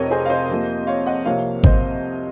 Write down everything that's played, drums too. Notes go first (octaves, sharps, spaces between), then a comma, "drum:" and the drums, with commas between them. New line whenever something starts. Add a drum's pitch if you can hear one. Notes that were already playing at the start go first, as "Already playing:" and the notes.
Already playing: F1 F2 C3 A#4 C#5 D#5
G#4 C5
F5
C5 D#5
F2 C3 F3 A#3
C#5 F5
D#5 F#5
C2 C3 F3 A#3 C#5 F5
C5 D#5, drum: kick G#1